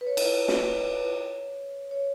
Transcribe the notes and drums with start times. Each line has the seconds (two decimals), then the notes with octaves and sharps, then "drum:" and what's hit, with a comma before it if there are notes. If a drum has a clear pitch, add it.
0.01 B4
0.07 C#5
0.17 drum: cymbal
0.48 drum: snare
1.91 C#5